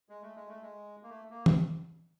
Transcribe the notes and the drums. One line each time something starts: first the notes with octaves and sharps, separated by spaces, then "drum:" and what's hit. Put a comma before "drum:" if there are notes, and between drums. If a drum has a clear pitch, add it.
G#3
A3
G#3
A3
G#3
A#3
A3
A#3
drum: tom